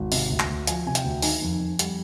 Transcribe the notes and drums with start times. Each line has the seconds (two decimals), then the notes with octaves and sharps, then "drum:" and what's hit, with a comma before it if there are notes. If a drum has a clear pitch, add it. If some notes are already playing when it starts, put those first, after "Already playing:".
Already playing: G#1
0.12 C3, drum: open hi-hat
0.30 D2
0.40 drum: clap
0.49 D2
0.67 F3 G#5, drum: hi-hat
0.86 C3 G#5
0.95 G5, drum: hi-hat
1.04 D2
1.22 D#3 G#5, drum: open hi-hat
1.42 F2
1.60 F2
1.79 G3, drum: hi-hat